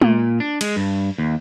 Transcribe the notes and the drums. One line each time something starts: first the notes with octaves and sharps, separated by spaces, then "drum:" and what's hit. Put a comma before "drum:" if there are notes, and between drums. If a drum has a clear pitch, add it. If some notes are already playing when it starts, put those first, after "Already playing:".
A#2, drum: tom G#3
D4
G#3, drum: cymbal
G2
D#2